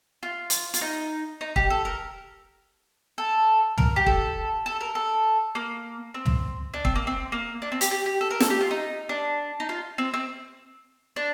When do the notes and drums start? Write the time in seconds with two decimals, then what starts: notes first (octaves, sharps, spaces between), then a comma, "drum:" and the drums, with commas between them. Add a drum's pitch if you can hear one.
0.23 F4
0.50 drum: hi-hat
0.74 F4, drum: hi-hat
0.81 D#4
1.41 D#4
1.56 G4, drum: kick
1.70 A4
1.85 A#4
3.18 A4
3.78 A#4, drum: tom
3.96 G4
4.06 A4, drum: kick
4.66 A4
4.81 A#4
4.95 A4
5.55 A#3
6.14 C4
6.26 drum: tom
6.74 D4
6.85 C4, drum: kick
6.95 A#3
7.07 C4
7.32 A#3
7.62 D4
7.72 C4
7.81 G4, drum: hi-hat
7.91 G4
8.06 G4
8.21 A4
8.31 A#4
8.40 A4, drum: snare
8.50 G4
8.61 F4
8.71 D#4
9.09 D4
9.60 D#4
9.69 F4
9.98 C4
10.14 C4
11.16 D4